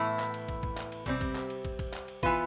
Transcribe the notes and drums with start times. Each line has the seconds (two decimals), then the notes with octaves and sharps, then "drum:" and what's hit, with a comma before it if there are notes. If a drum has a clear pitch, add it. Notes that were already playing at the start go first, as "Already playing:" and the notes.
Already playing: A2 E3 B3 E4
0.19 drum: clap
0.34 drum: cymbal
0.49 drum: kick
0.63 drum: kick
0.78 drum: clap
0.92 drum: cymbal
1.06 C3 G3 C4, drum: kick
1.21 drum: kick, cymbal
1.36 drum: clap
1.50 drum: cymbal
1.65 drum: kick
1.79 drum: kick, cymbal
1.94 drum: clap
2.08 drum: cymbal
2.23 E3 B3 F4 B4, drum: kick